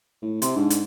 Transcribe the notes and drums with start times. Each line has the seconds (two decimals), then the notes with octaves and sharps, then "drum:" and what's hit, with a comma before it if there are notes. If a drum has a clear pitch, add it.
0.22 A2
0.42 C3 C6, drum: hi-hat
0.56 G#2 D4
0.70 drum: hi-hat